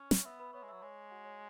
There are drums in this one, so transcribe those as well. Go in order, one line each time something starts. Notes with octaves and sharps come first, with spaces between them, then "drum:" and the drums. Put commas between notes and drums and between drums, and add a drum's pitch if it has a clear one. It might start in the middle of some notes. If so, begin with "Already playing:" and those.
Already playing: C#4 C#5
drum: snare
B3 E5 E6
B4 B5
B3 C#5 C#6
G#3
F#3 E5 E6
G#3 C#5 C#6
F#4 F#5
C#5